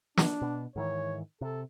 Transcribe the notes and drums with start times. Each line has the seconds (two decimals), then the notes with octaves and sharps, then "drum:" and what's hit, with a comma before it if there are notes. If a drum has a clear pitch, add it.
0.17 D4, drum: snare
0.42 B2
0.76 G#2 D#3 E3 C#5
1.41 C3 A4